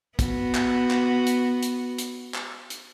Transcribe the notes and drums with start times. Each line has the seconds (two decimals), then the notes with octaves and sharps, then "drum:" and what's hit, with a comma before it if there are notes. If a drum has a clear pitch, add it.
0.19 B3 F#4, drum: kick, hi-hat
0.55 drum: clap
0.91 drum: clap
1.27 drum: hi-hat
1.63 drum: hi-hat
1.98 drum: hi-hat
2.34 drum: clap
2.70 drum: hi-hat